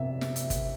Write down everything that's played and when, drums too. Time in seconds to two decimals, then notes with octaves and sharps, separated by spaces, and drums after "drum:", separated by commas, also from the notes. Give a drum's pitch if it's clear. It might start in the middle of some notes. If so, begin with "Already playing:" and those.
Already playing: C3 E5
0.21 drum: snare
0.36 drum: hi-hat
0.50 drum: kick, hi-hat